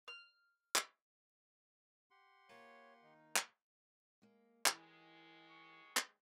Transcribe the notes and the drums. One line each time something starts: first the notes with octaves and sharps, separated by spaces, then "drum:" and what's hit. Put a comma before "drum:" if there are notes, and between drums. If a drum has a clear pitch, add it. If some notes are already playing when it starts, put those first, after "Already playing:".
F6
drum: clap
G4 F#5 C6
A#3 F4 C#5 A5
D#3 D#4
drum: clap
G#3 A#3
D#2 E3 G#3 A#4, drum: clap
C#6
drum: clap